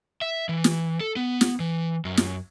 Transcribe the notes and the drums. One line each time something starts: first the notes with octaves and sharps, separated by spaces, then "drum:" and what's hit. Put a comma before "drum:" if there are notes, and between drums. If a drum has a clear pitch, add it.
E5
E3
drum: snare
A4
B3
drum: snare
E3
F#2
drum: snare